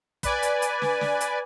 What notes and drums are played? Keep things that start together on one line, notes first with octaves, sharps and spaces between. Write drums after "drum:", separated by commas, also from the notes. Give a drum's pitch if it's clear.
B4 D5 G#5, drum: kick, hi-hat
drum: hi-hat
drum: hi-hat
drum: snare
drum: snare
drum: hi-hat